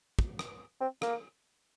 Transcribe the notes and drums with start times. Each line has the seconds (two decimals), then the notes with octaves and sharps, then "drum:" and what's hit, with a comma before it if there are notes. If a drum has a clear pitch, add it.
0.19 drum: kick
0.39 drum: rim click
0.81 C4
1.02 A#3, drum: rim click